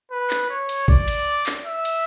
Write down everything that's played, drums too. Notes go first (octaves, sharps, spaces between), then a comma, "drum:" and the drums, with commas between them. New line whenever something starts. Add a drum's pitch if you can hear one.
B4
drum: clap
C#5
drum: cymbal
D5, drum: kick
drum: cymbal
drum: clap
E5
drum: cymbal